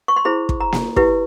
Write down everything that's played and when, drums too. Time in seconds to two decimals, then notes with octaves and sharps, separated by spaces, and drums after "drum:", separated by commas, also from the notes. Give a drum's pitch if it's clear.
0.08 C#6
0.16 C6
0.25 E4 G#4 C5 B5
0.49 drum: kick
0.60 A#5
0.72 drum: snare A#3
0.96 E4 G4 B4, drum: kick